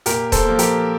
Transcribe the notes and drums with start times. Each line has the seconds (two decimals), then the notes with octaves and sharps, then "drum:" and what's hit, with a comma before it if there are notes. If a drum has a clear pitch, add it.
0.06 A#2 G4 A#4, drum: hi-hat
0.32 A4 C5, drum: kick D#1, hi-hat
0.46 F3 A#3
0.59 G4 A#4, drum: hi-hat